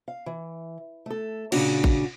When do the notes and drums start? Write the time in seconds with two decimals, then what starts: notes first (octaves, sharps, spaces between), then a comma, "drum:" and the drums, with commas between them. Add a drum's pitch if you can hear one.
0.08 F5
0.26 E3
1.06 A3 A4
1.52 A#2 C#3 D4 F#4, drum: cymbal
1.84 drum: kick A1